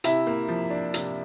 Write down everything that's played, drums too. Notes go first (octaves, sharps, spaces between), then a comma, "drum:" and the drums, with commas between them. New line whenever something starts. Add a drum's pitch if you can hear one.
C3 E4 E5, drum: hi-hat
A#3
F3
D4
C3, drum: hi-hat